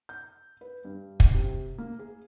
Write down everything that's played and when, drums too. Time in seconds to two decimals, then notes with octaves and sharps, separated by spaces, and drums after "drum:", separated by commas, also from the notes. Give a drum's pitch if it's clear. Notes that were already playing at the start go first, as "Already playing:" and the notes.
0.09 G6
0.61 B4
0.85 G2
1.20 drum: kick
1.34 C3
1.78 A#3
1.99 G#4